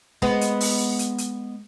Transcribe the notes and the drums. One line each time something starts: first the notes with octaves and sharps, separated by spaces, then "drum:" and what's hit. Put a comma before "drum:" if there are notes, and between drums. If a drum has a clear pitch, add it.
G#3 B3, drum: kick
drum: hi-hat
drum: open hi-hat
drum: hi-hat
drum: hi-hat